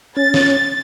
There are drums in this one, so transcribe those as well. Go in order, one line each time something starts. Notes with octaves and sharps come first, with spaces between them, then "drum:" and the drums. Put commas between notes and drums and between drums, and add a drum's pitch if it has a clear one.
C#4 A6
drum: snare